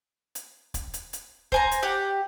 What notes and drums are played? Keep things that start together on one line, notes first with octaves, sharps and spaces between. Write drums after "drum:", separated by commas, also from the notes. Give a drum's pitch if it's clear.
drum: hi-hat
drum: kick, hi-hat
drum: hi-hat
drum: hi-hat
C5 G#5 A#5, drum: kick
drum: hi-hat
G4 F#5